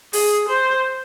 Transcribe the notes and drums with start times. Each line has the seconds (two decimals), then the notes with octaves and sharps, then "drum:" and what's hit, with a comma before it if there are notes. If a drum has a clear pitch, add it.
0.13 G#4, drum: open hi-hat
0.48 C5